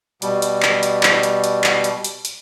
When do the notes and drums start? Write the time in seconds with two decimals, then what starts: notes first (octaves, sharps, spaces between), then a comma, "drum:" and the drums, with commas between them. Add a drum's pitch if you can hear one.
0.22 B2 G3, drum: hi-hat
0.42 drum: hi-hat
0.63 drum: clap
0.83 drum: hi-hat
1.03 drum: clap
1.23 drum: hi-hat
1.44 drum: hi-hat
1.64 drum: clap
1.84 drum: hi-hat
2.04 drum: hi-hat
2.25 drum: hi-hat